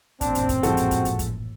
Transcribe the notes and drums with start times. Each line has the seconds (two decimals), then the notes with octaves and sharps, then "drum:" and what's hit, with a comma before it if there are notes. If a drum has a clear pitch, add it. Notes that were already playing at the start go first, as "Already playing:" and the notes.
0.21 A1 F#2 A#2 C4 D4, drum: kick, hi-hat
0.35 drum: hi-hat
0.49 drum: kick, hi-hat
0.63 F3 G#3 F#4 A4, drum: hi-hat
0.77 drum: hi-hat
0.91 drum: kick, hi-hat
1.05 drum: hi-hat
1.19 drum: kick, hi-hat